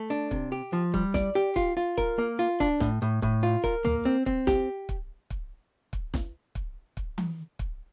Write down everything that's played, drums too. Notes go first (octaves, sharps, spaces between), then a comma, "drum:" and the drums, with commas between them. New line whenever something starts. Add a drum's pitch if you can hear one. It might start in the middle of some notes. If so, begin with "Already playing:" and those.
Already playing: A3
D4
C3, drum: kick
G4
F3
G3, drum: kick
D5, drum: snare
G4
F4, drum: kick
F4
A#4, drum: kick
A#3
F4
D4, drum: kick
A2, drum: snare
A2
A2, drum: kick
F4
A#4, drum: kick
A#3, drum: tom
C4
C4, drum: kick
G4, drum: snare
drum: kick
drum: kick
drum: kick
drum: snare
drum: kick
drum: kick
drum: tom E3
drum: kick